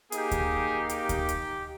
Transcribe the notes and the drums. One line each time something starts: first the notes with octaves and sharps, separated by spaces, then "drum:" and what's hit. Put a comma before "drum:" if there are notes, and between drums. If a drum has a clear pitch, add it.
A#3 D#4 G4 G#4, drum: hi-hat
drum: kick D2, hi-hat
G4, drum: hi-hat
drum: kick D2, hi-hat
drum: hi-hat